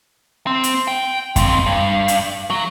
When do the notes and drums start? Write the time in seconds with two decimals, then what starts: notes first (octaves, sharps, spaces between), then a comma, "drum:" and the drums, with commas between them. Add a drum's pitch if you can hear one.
0.47 C4
0.64 drum: hi-hat
0.88 G5
1.36 C#2 C4, drum: kick F#2, hi-hat
1.66 G2
2.08 drum: hi-hat
2.50 F#3